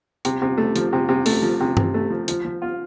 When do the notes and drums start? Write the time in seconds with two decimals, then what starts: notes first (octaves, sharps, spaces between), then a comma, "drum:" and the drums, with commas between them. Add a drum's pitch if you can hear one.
0.25 C3, drum: hi-hat
0.42 C3
0.58 A3
0.76 F3, drum: hi-hat
0.93 C3
1.09 C3
1.26 A3, drum: open hi-hat
1.42 F3
1.60 C3
1.77 C3, drum: tom G2
1.94 A3
2.10 F3
2.28 F3, drum: hi-hat
2.45 F3
2.62 F4